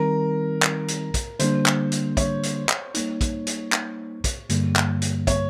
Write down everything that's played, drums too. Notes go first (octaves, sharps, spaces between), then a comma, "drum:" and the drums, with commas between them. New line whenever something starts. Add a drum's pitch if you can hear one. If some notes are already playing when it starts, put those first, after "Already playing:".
Already playing: D#3 G3 C4 D#4 A#4
drum: clap
drum: hi-hat
drum: kick, hi-hat
D3 G3 A#3 D4 C5, drum: hi-hat
drum: clap
drum: hi-hat
C#5, drum: kick, hi-hat
drum: hi-hat
drum: clap
G3 A#3 D#4, drum: hi-hat
drum: kick, hi-hat
drum: hi-hat
drum: clap
drum: kick, hi-hat
G2 D3 G3 A#3, drum: hi-hat
drum: clap
drum: hi-hat
C#5, drum: kick, hi-hat